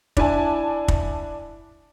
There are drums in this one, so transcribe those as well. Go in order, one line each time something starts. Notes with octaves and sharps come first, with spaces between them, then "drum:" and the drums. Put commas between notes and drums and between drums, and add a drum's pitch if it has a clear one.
D4 E4 G#5 A5, drum: kick
drum: kick